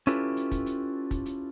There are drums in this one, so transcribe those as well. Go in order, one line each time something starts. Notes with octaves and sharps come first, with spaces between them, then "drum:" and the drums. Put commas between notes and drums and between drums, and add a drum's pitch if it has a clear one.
C#4 E4 F4 G4 A4 B4, drum: hi-hat
drum: hi-hat
drum: kick, hi-hat
drum: hi-hat
drum: kick, hi-hat
drum: hi-hat